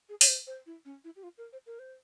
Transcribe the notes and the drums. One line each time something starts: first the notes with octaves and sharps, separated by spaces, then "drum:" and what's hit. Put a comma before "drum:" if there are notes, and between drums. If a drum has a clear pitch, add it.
G#4
C#5, drum: open hi-hat
C5
C5
E4
C#4
E4
G4
F4
A#4
C5
A#4
C5